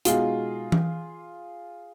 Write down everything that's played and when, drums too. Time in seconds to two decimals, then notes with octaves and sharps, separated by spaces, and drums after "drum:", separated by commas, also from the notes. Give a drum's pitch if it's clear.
0.05 B2 G#3 D#4 F4 F#4 G#4, drum: hi-hat
0.72 drum: tom E3